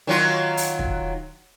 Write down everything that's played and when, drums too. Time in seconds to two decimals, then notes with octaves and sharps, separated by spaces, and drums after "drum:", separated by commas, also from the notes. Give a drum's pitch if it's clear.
0.07 D#3 F#3 F4
0.57 drum: open hi-hat
0.79 drum: kick